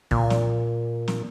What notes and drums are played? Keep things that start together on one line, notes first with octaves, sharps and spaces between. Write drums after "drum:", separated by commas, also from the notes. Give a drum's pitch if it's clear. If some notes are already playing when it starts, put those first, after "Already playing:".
A#2, drum: kick
drum: snare
drum: snare